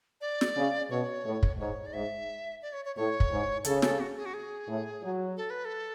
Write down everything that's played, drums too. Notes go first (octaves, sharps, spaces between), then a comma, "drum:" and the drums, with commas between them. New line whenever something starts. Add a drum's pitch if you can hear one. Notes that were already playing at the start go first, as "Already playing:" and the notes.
D5
drum: snare
C#3
B2 C#5
A2
drum: kick
G#2 C#5
D5
G#2 E5
D5
C#5
C#5
A2 C#5
drum: kick
G#2
C#3 A4, drum: hi-hat
A4, drum: snare
F#4
G#4
F#4
G#4
A2
F#3
A4
B4
A4